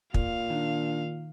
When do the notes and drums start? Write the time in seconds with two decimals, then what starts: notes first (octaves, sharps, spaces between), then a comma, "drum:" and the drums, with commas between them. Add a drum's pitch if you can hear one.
0.14 A#2 F5, drum: kick
0.50 D#3 D4